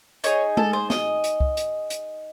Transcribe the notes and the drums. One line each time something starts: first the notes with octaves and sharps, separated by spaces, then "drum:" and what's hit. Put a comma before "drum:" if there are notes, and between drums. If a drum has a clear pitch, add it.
D#4 G#4 C#5, drum: hi-hat
A4, drum: tom G#3
C5
D#5, drum: snare
drum: hi-hat
drum: kick
drum: hi-hat
drum: hi-hat